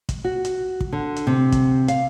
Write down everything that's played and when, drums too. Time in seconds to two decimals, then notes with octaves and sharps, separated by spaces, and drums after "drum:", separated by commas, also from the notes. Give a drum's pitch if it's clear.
0.09 drum: kick, hi-hat
0.24 F#4
0.45 drum: hi-hat
0.81 drum: kick
0.92 D3
1.16 drum: hi-hat
1.27 C3
1.52 drum: kick, hi-hat
1.88 F5, drum: hi-hat